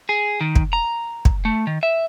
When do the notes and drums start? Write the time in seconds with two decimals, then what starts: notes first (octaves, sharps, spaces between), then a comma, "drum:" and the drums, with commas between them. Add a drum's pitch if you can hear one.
0.09 G#4
0.41 D#3
0.56 drum: kick
0.73 A#5
1.25 drum: kick
1.45 A3
1.67 D#3
1.83 E5